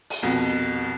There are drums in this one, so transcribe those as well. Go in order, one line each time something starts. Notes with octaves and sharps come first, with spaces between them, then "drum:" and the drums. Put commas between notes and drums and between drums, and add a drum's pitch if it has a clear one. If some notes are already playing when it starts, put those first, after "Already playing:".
drum: open hi-hat
C2 F2 B2